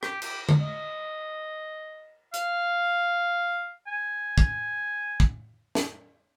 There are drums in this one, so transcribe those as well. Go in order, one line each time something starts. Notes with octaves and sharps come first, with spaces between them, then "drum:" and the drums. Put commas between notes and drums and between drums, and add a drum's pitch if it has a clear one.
G4, drum: rim click
G4, drum: cymbal
drum: tom D3
D#5
F5, drum: hi-hat
G#5
drum: kick
drum: kick
drum: snare